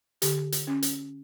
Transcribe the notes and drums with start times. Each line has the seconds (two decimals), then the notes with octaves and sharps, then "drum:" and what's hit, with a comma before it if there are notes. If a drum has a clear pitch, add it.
0.22 D3 G4, drum: hi-hat
0.52 drum: hi-hat
0.67 C#4
0.82 drum: hi-hat